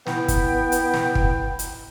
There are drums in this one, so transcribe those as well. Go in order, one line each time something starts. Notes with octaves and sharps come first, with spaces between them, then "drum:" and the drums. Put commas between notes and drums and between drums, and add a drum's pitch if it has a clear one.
B3 E4 G5, drum: snare
drum: kick, hi-hat
drum: hi-hat
drum: snare
drum: kick
drum: hi-hat